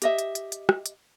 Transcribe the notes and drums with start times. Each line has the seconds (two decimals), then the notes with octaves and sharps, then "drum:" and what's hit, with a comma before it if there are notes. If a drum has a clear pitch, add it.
0.02 G4 D#5 E5, drum: hi-hat
0.19 drum: hi-hat
0.35 drum: hi-hat
0.52 drum: hi-hat
0.69 drum: rim click
0.86 drum: hi-hat